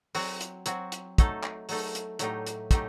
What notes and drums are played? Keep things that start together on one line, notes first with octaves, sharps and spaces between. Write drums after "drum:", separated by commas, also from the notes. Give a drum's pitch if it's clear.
F#3 C4 F#4, drum: open hi-hat
drum: hi-hat
F#3 C4 F#4, drum: hi-hat
drum: hi-hat
F#3 A3 D#4 A4, drum: kick, hi-hat
drum: clap
F#3 A3 D#4 A4, drum: open hi-hat
drum: hi-hat
A2 F#3 A3 D#4 G4, drum: hi-hat
drum: hi-hat
A2 F#3 A3 D#4 G4, drum: kick, hi-hat